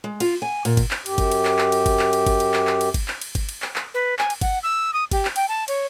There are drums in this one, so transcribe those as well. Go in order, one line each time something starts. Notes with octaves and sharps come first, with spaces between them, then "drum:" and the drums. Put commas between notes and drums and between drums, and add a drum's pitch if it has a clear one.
G#3
F4, drum: cymbal
G#5
A#2, drum: cymbal
drum: kick G1, cymbal
drum: clap
F#2 G4, drum: cymbal
drum: kick G1, cymbal
drum: cymbal
drum: clap
drum: clap
drum: cymbal
drum: kick G1, cymbal
drum: clap
drum: cymbal
drum: kick G1, cymbal
drum: cymbal
drum: clap
drum: clap
drum: cymbal
drum: kick G1, cymbal
drum: clap
drum: cymbal
drum: kick G1, cymbal
drum: cymbal
drum: clap
drum: clap
B4
G#5, drum: clap
drum: cymbal
F#5, drum: kick G1, cymbal
E6
D#6
G4, drum: kick G1, cymbal
drum: clap
G5, drum: cymbal
A5
C#5, drum: cymbal